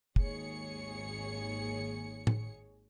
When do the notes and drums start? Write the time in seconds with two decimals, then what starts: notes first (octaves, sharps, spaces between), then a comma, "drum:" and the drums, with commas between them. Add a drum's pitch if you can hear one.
0.16 G#1 D#2 G#4 C#5 C#7, drum: kick
2.27 drum: tom A2